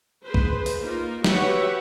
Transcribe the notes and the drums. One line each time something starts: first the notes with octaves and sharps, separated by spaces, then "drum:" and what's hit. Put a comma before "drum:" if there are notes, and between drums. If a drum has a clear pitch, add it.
G#4 B4 C5
drum: kick
drum: open hi-hat
A#3 D#4 F4 A#4
F#4 G4 B4 C#5 E5 F#5, drum: snare